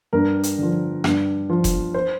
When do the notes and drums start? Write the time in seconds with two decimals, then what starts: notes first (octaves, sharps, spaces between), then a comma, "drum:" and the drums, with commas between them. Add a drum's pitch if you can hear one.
0.13 G2 A#4
0.43 drum: hi-hat
0.58 D3 F3
1.04 G2, drum: rim click
1.50 F3
1.64 drum: kick F1, hi-hat
1.94 C5